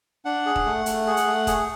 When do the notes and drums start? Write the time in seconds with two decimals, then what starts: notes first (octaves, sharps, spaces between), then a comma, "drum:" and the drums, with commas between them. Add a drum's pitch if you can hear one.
0.25 D4 F#5
0.46 G#4
0.56 drum: kick D#1
0.65 A3
0.86 A3, drum: hi-hat
1.07 G#4
1.17 drum: hi-hat
1.27 A3
1.47 G#4, drum: kick D#1, hi-hat